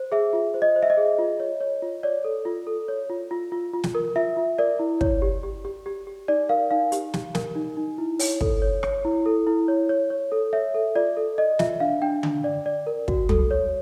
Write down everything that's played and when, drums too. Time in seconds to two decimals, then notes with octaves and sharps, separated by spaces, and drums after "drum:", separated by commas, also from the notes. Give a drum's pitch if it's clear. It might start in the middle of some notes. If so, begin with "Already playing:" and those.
Already playing: C5
0.12 G#4 E5
0.33 F4
0.54 C5
0.62 D#5
0.76 C5
0.83 E5
0.90 D#5
0.97 G#4
1.18 F4
1.40 C#5
1.61 C#5
1.82 F4
2.03 C#5 D5
2.24 A4
2.45 F4
2.67 A4
2.88 C#5
3.10 F4
3.31 F4
3.52 F4
3.73 F4
3.84 drum: snare
3.95 A#4
4.16 F4 E5
4.37 F4
4.58 A#4 D5
4.79 E4
5.01 C#5, drum: kick
5.22 G4
5.43 G4
5.65 G4
5.86 G4
6.07 G4
6.28 D#4 D5
6.49 A#4 F5
6.71 D#4 F5
6.92 G4, drum: hi-hat
7.14 G4, drum: snare
7.35 A#4, drum: snare
7.55 D#4
7.77 D#4
7.98 E4
8.19 C#5, drum: open hi-hat
8.41 A4, drum: kick
8.62 C#5
8.83 C#5, drum: rim click
9.05 E4
9.26 A4
9.47 E4
9.68 C#5
9.89 C#5
10.10 C#5
10.32 A4
10.53 C#5 E5
10.74 A4
10.95 F4 D5
11.17 A4
11.38 D5 D#5
11.59 F4 E5, drum: snare
11.80 D4 F5
12.02 D4 G5
12.23 D4, drum: tom D3
12.44 D5
12.66 D5
12.87 A#4
13.08 F#4, drum: kick
13.29 A4, drum: tom
13.51 C#5